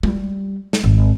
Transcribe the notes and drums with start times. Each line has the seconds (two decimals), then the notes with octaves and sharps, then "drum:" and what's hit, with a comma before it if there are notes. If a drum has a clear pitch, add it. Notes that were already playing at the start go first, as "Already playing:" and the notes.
0.03 G3, drum: tom G#3
0.73 drum: snare
0.84 G#1